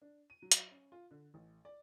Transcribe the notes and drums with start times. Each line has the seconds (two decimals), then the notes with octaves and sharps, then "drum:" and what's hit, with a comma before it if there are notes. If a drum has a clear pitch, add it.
0.02 D4
0.30 D#7
0.42 F#3
0.52 drum: hi-hat
0.71 C#4
0.92 F4
1.11 D3
1.34 A1
1.65 D5